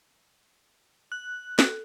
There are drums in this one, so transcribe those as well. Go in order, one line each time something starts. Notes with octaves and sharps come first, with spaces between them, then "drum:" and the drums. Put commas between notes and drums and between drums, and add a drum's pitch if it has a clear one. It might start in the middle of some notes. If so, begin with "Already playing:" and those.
F#6
A4, drum: snare